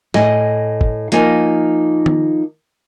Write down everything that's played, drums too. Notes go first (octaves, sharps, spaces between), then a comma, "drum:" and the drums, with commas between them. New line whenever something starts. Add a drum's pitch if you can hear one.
A2 D#5 G#5, drum: snare
drum: kick
F3 A#3 D#4 G#5, drum: hi-hat
drum: tom D#3